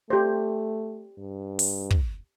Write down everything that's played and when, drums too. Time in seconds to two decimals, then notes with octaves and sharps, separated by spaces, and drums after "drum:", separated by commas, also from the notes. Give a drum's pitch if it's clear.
0.10 A3 G4 C5
1.18 G2
1.59 drum: open hi-hat
1.90 drum: kick